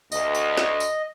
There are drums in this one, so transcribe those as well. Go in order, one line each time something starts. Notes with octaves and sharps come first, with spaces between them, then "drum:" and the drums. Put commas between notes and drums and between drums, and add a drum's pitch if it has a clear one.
D2 D#5, drum: tambourine
drum: tambourine
drum: snare
drum: tambourine